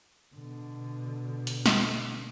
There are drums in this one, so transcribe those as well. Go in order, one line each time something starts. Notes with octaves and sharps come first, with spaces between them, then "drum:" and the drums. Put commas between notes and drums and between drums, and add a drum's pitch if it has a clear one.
B2 D3
drum: hi-hat
drum: snare